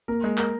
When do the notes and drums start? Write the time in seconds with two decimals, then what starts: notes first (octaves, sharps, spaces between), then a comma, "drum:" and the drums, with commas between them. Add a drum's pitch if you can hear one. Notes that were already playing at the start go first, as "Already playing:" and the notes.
0.08 A#3 A#4
0.24 G#3
0.38 A#4, drum: clap